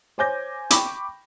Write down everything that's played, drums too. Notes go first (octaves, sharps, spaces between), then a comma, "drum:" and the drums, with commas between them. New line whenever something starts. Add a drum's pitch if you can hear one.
C5 C#5 G#5 D6 G6 A#6
G5 B5 C#6 D6, drum: hi-hat